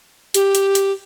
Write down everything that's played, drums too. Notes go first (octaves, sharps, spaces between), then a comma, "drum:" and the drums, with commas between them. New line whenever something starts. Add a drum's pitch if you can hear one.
G4, drum: hi-hat
drum: hi-hat
drum: hi-hat